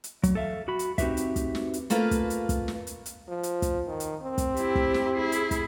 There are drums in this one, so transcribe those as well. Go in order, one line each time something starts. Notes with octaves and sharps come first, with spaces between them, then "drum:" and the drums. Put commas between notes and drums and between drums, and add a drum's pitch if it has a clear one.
drum: hi-hat
F#3, drum: kick, hi-hat
A4 E5 F5
F#4 B5
drum: hi-hat
C4 D#4 F#4 G4 B4 E5, drum: kick, hi-hat
drum: hi-hat
drum: kick, hi-hat
drum: snare
drum: hi-hat
A3 A#3 F4 B4 F5, drum: hi-hat
drum: kick, hi-hat
drum: hi-hat
drum: kick, hi-hat
drum: snare
drum: hi-hat
drum: hi-hat
F3
drum: hi-hat
drum: kick, hi-hat
D#3
drum: hi-hat
C4
drum: kick, hi-hat
E4 G4, drum: hi-hat
drum: kick
drum: snare
E4 G#4
drum: hi-hat
drum: kick, hi-hat